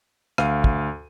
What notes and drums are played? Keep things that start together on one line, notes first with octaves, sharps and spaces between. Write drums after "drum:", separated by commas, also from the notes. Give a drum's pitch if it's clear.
D2 F5 D#7, drum: rim click
drum: kick